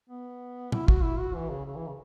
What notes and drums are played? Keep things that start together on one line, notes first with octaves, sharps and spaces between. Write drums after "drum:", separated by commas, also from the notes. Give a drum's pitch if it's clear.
B3
E4, drum: tom A#2
F#4, drum: kick
E4
F#4
E3
C#3
C#3
E3
C#3